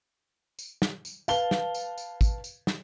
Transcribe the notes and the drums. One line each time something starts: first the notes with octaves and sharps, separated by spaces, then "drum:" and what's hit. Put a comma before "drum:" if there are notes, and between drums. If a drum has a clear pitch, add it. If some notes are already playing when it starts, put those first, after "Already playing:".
drum: tambourine
drum: snare
drum: tambourine
B4 F5 A5 G7, drum: tambourine
drum: snare
drum: tambourine
drum: tambourine
drum: kick, tambourine
drum: tambourine
drum: snare